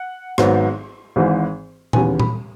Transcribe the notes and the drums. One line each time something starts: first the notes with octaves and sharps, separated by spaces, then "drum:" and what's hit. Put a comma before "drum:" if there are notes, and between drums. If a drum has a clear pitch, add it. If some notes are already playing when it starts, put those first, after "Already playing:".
Already playing: F#5
G#1 G#2 F#3 B3, drum: rim click
G#1 G#2 E3
D#2 C#3 E3 B3 G#5, drum: tom A#2
B5, drum: tom A#2